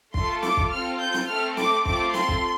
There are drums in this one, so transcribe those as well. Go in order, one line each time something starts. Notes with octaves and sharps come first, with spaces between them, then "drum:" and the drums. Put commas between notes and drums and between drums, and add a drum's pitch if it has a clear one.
A3 F4 A4 C6, drum: kick
D6, drum: snare
drum: kick
C4 F4 A4 F6
G6
drum: snare
A3 C4 A4 F6
D6, drum: snare
A3 C4 F4 A4 D6, drum: kick
C6, drum: snare
drum: kick